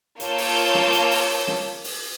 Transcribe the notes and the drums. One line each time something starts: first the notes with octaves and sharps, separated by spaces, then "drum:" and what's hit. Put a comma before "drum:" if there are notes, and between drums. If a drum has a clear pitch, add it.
A#3 F4 C#5 A5 E6 G6, drum: hi-hat
drum: open hi-hat
drum: snare
drum: hi-hat
drum: open hi-hat
drum: snare
drum: open hi-hat